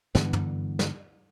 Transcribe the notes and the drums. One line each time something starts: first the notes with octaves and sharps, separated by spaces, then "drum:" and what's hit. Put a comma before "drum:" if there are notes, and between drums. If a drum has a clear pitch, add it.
G2 D3 E3 B3, drum: snare
drum: tom
drum: snare